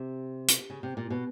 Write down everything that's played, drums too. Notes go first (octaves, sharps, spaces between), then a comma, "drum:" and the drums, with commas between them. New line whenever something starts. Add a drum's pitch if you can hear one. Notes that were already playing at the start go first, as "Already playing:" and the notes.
Already playing: C3
drum: hi-hat
C#3
C3
A#2
B2